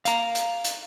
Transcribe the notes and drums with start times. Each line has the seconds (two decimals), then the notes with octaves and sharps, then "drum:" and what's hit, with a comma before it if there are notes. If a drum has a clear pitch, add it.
0.05 F5 A#5, drum: hi-hat
0.35 drum: hi-hat
0.64 drum: hi-hat